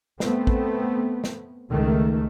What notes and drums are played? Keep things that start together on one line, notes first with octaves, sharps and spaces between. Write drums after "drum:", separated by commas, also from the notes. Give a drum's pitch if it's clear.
A3 B3 C4, drum: snare
drum: kick
drum: snare
C#2 D#3 A3